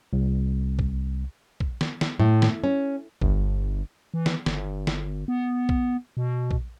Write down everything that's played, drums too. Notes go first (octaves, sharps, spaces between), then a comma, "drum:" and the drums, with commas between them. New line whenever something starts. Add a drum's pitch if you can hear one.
C2
drum: kick A#1
drum: kick A#1
drum: snare
drum: snare
A2
drum: snare
C#4
G1, drum: kick A#1
E3
drum: snare
G1, drum: snare
drum: snare
B3
drum: kick A#1
B2
drum: kick A#1